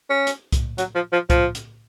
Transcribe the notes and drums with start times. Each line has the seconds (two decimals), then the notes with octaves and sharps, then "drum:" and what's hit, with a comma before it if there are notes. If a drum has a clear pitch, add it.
0.10 C#4
0.27 drum: hi-hat
0.52 drum: kick C2, hi-hat
0.78 F#3, drum: hi-hat
0.95 F3
1.13 F3
1.30 F3, drum: kick C2, hi-hat
1.55 drum: hi-hat